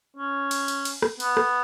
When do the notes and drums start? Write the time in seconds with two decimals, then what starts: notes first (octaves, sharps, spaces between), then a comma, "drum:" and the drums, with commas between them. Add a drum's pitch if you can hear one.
0.17 C#4
0.51 drum: cymbal
0.68 drum: cymbal
0.85 drum: cymbal
1.02 drum: rim click
1.20 B3, drum: cymbal
1.37 drum: rim click